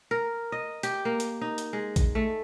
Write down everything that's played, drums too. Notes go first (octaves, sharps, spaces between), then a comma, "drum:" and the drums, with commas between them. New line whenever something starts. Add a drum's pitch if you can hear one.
A#4
D#5
G4, drum: hi-hat
A#3
drum: hi-hat
D#4
drum: hi-hat
G#3
drum: kick A1, hi-hat
A3